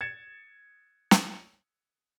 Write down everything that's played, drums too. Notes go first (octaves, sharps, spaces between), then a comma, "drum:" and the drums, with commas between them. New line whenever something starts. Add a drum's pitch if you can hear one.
G#6 A6 C#7 E7
drum: snare